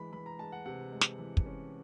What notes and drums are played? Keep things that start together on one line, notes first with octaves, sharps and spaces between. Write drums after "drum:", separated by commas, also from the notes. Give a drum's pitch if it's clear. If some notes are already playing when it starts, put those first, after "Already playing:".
Already playing: E3 G#3 B5
E3 B5
A#5
G#3 A5
F#5
C3 F#5
G#3
drum: snare
E3
drum: kick
C#4